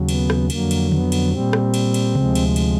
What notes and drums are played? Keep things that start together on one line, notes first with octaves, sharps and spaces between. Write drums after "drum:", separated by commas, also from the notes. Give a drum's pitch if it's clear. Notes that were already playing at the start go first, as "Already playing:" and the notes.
Already playing: D#2 C#3 F#3
B3, drum: cymbal
drum: rim click
F2 D3 F#3 A#3, drum: cymbal
drum: cymbal
B3, drum: tom D3
drum: cymbal
A#2 G3 C4
drum: rim click
drum: cymbal
drum: cymbal
D2 C3 F3 G#3, drum: tom C3
drum: cymbal
drum: cymbal